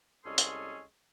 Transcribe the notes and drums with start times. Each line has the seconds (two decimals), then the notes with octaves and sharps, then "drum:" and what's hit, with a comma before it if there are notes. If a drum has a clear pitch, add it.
0.25 C2 G#3 C#4 A4 C6 D#6
0.38 drum: hi-hat